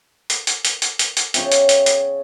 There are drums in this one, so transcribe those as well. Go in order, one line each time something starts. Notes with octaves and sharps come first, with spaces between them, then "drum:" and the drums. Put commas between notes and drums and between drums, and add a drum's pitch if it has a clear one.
drum: hi-hat
drum: hi-hat
drum: hi-hat
drum: hi-hat
drum: hi-hat
drum: hi-hat
C#3 C#5 E5 G5, drum: hi-hat
drum: hi-hat
drum: hi-hat
drum: hi-hat